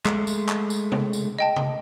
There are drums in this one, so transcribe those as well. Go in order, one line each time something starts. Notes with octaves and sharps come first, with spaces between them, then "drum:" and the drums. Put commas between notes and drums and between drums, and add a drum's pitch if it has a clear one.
G#3 A3, drum: clap
drum: tambourine
drum: clap
drum: tambourine
drum: tom C3
drum: tambourine
D#5 G5 A5
drum: tom C3